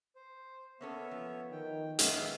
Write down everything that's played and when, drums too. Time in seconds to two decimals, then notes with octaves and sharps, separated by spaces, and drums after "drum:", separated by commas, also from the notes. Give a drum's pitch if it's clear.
0.16 C5
0.81 A#3 B3 C#4 A4 C#5 E5
1.11 F3
1.52 D#3 G5
1.99 D#3 G#3 B3 C#4 E5 F5 D#6, drum: hi-hat